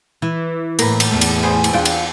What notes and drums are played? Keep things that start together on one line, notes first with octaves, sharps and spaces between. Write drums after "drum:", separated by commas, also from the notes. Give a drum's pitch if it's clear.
E3
A2 A#3 B4, drum: cymbal
drum: cymbal
E2 A2
drum: cymbal
B3 G#4 C5
drum: cymbal
D4 F4 G5
drum: cymbal